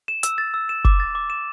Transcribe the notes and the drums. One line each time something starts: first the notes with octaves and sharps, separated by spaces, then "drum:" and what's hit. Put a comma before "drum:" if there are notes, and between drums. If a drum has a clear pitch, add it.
E7
E6, drum: hi-hat
A6
E6
E7
D6, drum: kick F#1
A6
D6
E7